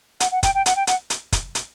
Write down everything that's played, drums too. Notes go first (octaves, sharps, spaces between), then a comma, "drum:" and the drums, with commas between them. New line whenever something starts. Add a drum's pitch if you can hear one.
F#5, drum: hi-hat
F#5
G5, drum: kick, hi-hat
G5
F#5, drum: hi-hat
G5
F#5, drum: hi-hat
drum: hi-hat
drum: kick, hi-hat
drum: hi-hat